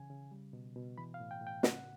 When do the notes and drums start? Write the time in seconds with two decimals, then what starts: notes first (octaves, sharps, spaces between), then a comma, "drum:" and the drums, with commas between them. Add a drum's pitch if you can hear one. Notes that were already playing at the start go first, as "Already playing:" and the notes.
Already playing: C#3 E3 G#5
0.10 C#3
0.31 G3
0.53 B2
0.76 B2
0.98 E3 B5
1.14 F5
1.20 A2
1.31 G5
1.42 A2
1.47 G5
1.63 C#3 F#5, drum: snare